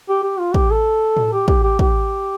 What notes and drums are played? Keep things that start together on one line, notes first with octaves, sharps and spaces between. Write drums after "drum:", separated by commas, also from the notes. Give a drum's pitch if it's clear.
G4
G4
F4
G4, drum: kick
A4
drum: tom A2
G4
G4, drum: kick
G4
G4, drum: kick